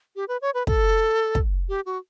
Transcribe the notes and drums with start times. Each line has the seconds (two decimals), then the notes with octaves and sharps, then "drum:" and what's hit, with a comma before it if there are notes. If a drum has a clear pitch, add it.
0.16 G4
0.28 B4
0.42 C#5
0.54 B4
0.67 A4, drum: kick
1.35 drum: kick
1.69 G4
1.86 F#4